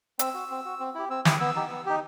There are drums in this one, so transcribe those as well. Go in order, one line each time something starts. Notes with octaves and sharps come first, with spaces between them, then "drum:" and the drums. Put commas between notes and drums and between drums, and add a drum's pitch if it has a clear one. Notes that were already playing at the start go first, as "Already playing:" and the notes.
C4 E6, drum: hi-hat
F#4
C4
F#4
C4
E4 G4
C4 E6
E4 G4 D#6, drum: snare
B3 E6
D#4 G4
B3
D#4 G4